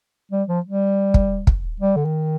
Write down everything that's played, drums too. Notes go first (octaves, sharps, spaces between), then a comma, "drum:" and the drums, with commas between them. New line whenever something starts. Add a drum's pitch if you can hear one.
G3
F3
G3
drum: kick
drum: kick
G3
D3
D#3